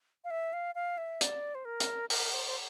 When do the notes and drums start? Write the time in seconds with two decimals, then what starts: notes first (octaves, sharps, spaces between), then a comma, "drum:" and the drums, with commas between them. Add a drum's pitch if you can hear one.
0.24 F5
0.31 E5
0.53 F5
0.75 F5
0.98 E5
1.21 D5, drum: hi-hat
1.55 C5
1.65 A#4
1.80 drum: hi-hat
2.10 A#4, drum: open hi-hat
2.33 C5
2.47 C5